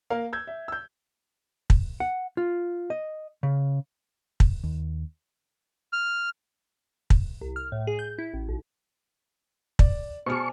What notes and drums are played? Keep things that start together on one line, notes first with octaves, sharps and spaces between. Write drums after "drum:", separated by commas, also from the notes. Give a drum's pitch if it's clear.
A#3 A#4 F5
E6 G6 G#6
E5
E6 G6
drum: kick
F#5
F4
D#5
C#3
drum: kick
D#2
F6
drum: kick
C2
F6
A2
G#4
G6
E4
A1
B1
D5, drum: kick
B2 A4 C5 D5 G#5 C#6 F6